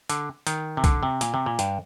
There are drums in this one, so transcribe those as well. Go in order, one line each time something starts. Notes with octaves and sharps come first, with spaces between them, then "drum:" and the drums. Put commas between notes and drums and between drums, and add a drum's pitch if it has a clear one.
D3, drum: hi-hat
D#3, drum: hi-hat
C3
D3, drum: kick, hi-hat
C3
A#2, drum: hi-hat
C3
A#2
G2, drum: hi-hat